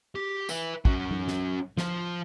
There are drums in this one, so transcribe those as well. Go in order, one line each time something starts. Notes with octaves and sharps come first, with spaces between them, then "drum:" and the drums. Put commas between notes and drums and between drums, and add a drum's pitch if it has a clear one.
G4
B4 E5, drum: tambourine
F#3 C#4, drum: kick
drum: tom F#3
drum: snare
F3 F4, drum: snare